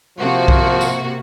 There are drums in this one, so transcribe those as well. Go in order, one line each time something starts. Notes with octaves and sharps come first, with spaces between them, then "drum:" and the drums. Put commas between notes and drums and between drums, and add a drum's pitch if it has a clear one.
C3 F3 A#3 F#4
drum: kick B1
drum: tambourine